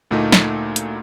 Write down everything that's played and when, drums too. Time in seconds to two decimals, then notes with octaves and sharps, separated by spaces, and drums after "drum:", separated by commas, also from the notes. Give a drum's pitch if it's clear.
0.11 D2 A#2 A3 A#3 D#4
0.32 drum: snare
0.76 drum: hi-hat